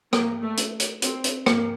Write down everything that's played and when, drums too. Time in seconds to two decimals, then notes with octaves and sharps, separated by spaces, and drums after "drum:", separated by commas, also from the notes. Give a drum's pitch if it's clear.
0.13 A#3, drum: rim click
0.42 A3
0.57 drum: hi-hat
0.80 drum: hi-hat
1.02 C4, drum: hi-hat
1.24 drum: hi-hat
1.46 A#3, drum: rim click